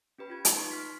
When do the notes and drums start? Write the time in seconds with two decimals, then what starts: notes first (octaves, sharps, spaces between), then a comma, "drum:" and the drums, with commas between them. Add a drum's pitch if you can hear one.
0.18 C#4 G4 B4 B5
0.30 F4 G#6
0.45 D#4, drum: hi-hat
0.56 C6 C#6
0.71 C6 F6 B6